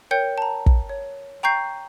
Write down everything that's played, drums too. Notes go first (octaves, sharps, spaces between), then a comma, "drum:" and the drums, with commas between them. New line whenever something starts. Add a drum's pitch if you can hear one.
A#4 C#5 G5 G6 C#7
A5 A#5
drum: kick
C#5
G5 A#5 C#6 G6 C7